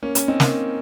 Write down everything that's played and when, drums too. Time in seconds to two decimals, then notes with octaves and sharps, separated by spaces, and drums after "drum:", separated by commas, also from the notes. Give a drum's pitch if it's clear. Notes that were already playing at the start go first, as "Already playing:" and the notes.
0.03 A#3 C#4
0.15 A#3 C#4, drum: hi-hat
0.28 C4 D#4
0.40 A#3 C#4, drum: snare